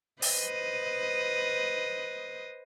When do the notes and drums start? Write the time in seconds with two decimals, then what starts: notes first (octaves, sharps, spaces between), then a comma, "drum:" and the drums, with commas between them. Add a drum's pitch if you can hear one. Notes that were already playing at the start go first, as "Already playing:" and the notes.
0.22 B4 C5 D#5, drum: open hi-hat